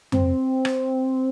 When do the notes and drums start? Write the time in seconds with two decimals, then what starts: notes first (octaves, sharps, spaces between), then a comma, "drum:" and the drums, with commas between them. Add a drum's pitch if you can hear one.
0.12 C4, drum: tom F2
0.65 drum: rim click